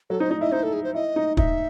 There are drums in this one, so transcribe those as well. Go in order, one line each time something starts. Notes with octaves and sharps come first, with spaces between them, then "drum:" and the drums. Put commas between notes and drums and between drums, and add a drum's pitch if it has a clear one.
F#3 A4
D#4 C5
D#4 D#5
E4 D#5
D#4 C5
A4
G#4
C5
E4 D#5
D#4
D#4 E5, drum: kick